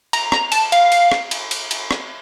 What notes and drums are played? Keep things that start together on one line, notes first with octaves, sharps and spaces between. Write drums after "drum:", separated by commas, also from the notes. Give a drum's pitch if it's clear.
A#5, drum: cymbal
A#5, drum: rim click
A5, drum: cymbal
F5, drum: cymbal
drum: cymbal
drum: rim click
drum: cymbal
drum: cymbal
drum: cymbal
drum: rim click